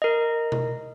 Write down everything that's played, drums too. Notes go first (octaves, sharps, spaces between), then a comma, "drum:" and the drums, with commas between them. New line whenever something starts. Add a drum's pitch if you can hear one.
A#4 D#5
drum: tom B2